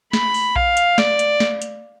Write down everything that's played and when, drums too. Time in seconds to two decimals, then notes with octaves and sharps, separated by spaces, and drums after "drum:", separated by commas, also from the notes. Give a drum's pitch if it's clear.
0.13 B5, drum: snare
0.34 drum: open hi-hat
0.56 F5, drum: kick A#1
0.77 drum: hi-hat
0.98 D5, drum: snare
1.19 drum: hi-hat
1.40 drum: snare
1.62 drum: hi-hat